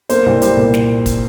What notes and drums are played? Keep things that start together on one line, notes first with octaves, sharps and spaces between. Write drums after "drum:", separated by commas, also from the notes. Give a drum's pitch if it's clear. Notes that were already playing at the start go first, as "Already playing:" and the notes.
A#3 C5, drum: hi-hat
C2
G3 C5, drum: hi-hat
A#2
drum: snare
drum: kick, hi-hat